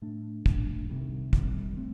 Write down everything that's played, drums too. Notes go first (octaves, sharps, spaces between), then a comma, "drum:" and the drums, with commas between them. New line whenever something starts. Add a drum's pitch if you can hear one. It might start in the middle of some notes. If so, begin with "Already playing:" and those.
A2 A3 D4
A2 A3 D4, drum: kick
C2 C3 D#3 G3
C2 C3 D#3 G3, drum: kick
A3 C4